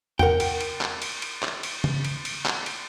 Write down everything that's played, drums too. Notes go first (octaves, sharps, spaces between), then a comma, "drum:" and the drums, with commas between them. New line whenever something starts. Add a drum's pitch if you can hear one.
A#4 F#5 G5, drum: tom E2
drum: cymbal
drum: cymbal
drum: clap
drum: cymbal
drum: cymbal
drum: clap
drum: cymbal
drum: tom C#3
drum: cymbal
drum: cymbal
drum: clap
drum: cymbal